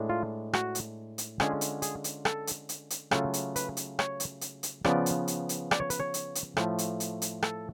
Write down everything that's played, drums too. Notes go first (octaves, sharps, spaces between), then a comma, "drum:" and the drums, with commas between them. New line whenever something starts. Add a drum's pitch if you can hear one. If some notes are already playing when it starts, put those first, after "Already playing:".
Already playing: A2 G#3 D4
F4
F#4, drum: rim click
drum: hi-hat
drum: hi-hat
D3 G#3 C#4 F4 G#4, drum: rim click
drum: hi-hat
G#4, drum: hi-hat
drum: hi-hat
A4, drum: rim click
drum: hi-hat
drum: hi-hat
drum: hi-hat
C#3 F#3 A3 F4 A4, drum: rim click
drum: hi-hat
B4, drum: hi-hat
drum: hi-hat
C#5, drum: rim click
drum: hi-hat
drum: hi-hat
drum: hi-hat
C#3 F3 B3 D5, drum: rim click
drum: hi-hat
drum: hi-hat
drum: hi-hat
D5, drum: rim click
C#5
B4, drum: hi-hat
C#5
drum: hi-hat
drum: hi-hat
A2 F3 A3, drum: rim click
drum: hi-hat
drum: hi-hat
drum: hi-hat
A4, drum: rim click